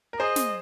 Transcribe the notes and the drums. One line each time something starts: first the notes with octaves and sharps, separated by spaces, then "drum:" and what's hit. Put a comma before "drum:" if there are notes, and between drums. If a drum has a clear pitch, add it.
A#4
G#4 C5 D#5
drum: snare